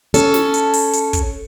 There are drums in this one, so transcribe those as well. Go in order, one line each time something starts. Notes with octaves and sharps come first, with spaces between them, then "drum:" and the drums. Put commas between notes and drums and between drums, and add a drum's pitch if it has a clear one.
C#4 A4, drum: hi-hat
drum: snare
drum: hi-hat
drum: open hi-hat
drum: hi-hat
drum: kick, hi-hat